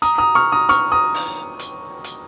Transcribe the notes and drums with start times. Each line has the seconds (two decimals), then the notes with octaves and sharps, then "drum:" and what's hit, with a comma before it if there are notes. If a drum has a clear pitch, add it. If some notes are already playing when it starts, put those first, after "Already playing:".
0.02 A#5 D#6, drum: hi-hat
0.18 A#5 D#6
0.35 C#6 F6
0.52 A#5 D#6
0.69 C#6 F6, drum: hi-hat
0.92 A#5 D#6
1.14 drum: open hi-hat
1.59 drum: hi-hat
2.04 drum: hi-hat